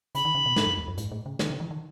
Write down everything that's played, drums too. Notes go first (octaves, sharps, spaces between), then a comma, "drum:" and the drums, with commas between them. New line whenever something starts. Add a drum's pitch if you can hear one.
C#3 B5, drum: hi-hat
D#3
C#3
B2
G#2, drum: snare
F#2
E2
F#2
G#2, drum: hi-hat
A2
C#3
D#3, drum: snare
C#3
E3
D#3